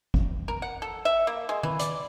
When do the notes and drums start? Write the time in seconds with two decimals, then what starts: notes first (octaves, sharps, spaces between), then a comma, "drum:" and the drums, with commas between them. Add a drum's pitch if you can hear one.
0.14 drum: kick G#1
0.48 A#4
0.62 F#5
0.82 A4
1.05 E5
1.27 A#3
1.49 G#3
1.63 E3, drum: tom D#3
1.79 D5, drum: hi-hat